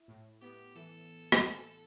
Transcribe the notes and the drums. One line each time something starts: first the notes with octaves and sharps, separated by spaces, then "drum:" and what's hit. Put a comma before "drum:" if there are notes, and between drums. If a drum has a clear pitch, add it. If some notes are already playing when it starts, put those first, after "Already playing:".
Already playing: E4
A2
B3 G4
E3 A4
drum: rim click